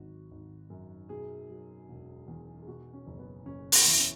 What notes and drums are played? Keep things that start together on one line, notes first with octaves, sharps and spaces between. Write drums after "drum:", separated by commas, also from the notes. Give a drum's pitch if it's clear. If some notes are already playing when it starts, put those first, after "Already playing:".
Already playing: G#1 F#3 F#4
G#1
F#2
B2 G#4
F#3
E1
E2
G#4
B2 F#4
C#4
F#1
B3
F#1 C#4
B3, drum: open hi-hat
E2 E4
C#4